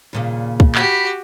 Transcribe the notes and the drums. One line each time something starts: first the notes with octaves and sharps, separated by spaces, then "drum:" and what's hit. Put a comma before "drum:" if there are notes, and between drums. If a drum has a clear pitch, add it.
D#2 A#2 C#3
drum: kick
F#4 G4 B5, drum: clap